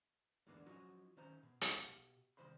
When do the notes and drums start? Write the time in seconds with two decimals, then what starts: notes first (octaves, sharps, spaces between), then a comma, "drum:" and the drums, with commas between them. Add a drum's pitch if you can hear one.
0.47 E2 G#2 D3 A#3 B3 D4
0.66 F3 F#3 C#4 D#4 F#4
1.17 D#3 C#4 D#4 C5 A#5
1.43 B2
1.61 B2 G4 F5, drum: hi-hat
2.37 C2 F#2 D#3 C5 B5 C6